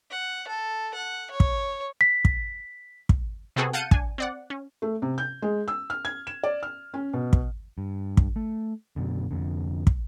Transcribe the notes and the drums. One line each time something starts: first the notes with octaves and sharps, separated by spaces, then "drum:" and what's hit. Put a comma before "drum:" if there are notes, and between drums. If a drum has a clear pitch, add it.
F#5
A4
F#5
C#5
drum: kick
B6
drum: kick
drum: kick
C3 B3 C4 F#4 G#4 A4
F5 F#5 A5 G6 C#7 D#7
D4 G#5, drum: kick
C4 D5 F#5
C#4
A3
C3
G6
G#3
E6
F6
G#6
E7
D5
F6
C#4
B2
drum: kick
G2
drum: kick
A3
F#2 B2 D3
F1 F2 D3
drum: kick